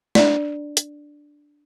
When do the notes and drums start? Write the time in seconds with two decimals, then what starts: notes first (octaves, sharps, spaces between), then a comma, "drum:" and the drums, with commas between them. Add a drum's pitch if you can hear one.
0.15 D4 D5, drum: snare
0.77 drum: hi-hat